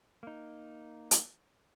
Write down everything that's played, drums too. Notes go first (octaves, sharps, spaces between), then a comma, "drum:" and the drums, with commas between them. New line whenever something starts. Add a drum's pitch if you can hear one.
A#3 D#4
drum: hi-hat